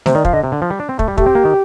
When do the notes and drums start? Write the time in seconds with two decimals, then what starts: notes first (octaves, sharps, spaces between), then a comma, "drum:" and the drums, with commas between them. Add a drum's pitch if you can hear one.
0.06 C3 C5, drum: snare A3
0.15 D#3 D5
0.25 F3 F5, drum: kick
0.33 D3 D#5
0.44 C3
0.52 D3
0.62 F3
0.70 G3
0.80 D4
0.89 C4
0.99 A3, drum: kick
1.08 G3
1.18 A3 G4, drum: kick
1.26 C4
1.35 A#3
1.45 D#3